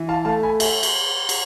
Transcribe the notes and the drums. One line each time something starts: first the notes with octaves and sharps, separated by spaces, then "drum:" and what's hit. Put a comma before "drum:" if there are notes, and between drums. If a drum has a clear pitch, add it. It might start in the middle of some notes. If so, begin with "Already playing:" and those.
Already playing: E3
F5 A5
A3 F5 A5
G#5 B5
E5 G#5, drum: cymbal
drum: cymbal
drum: cymbal